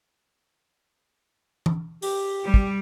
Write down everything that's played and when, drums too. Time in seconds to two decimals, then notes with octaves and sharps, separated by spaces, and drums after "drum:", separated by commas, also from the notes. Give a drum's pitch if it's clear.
1.66 drum: tom E3
2.02 G4, drum: open hi-hat
2.44 G3
2.54 drum: kick